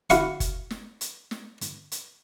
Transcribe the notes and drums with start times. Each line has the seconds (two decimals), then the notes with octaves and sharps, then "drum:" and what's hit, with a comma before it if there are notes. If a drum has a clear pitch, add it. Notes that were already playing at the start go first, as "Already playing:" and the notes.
0.10 E4 F#4 F5 C#6, drum: hi-hat
0.40 drum: kick, hi-hat
0.70 drum: snare
1.01 drum: hi-hat
1.31 drum: snare
1.61 drum: hi-hat
1.92 drum: hi-hat